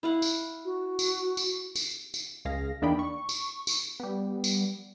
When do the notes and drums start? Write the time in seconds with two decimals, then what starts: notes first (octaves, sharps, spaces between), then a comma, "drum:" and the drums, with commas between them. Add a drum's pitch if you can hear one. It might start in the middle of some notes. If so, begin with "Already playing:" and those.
0.03 E4 F5 F#5
0.22 drum: tambourine
0.65 F#4
0.99 drum: tambourine
1.37 drum: tambourine
1.75 drum: tambourine
2.14 drum: tambourine
2.45 C#2 G#4 F5 A#6
2.82 E2 A#3 D4 D#4 G5 B5
2.99 C#6
3.29 drum: tambourine
3.67 drum: tambourine
4.00 G3 B3
4.44 drum: tambourine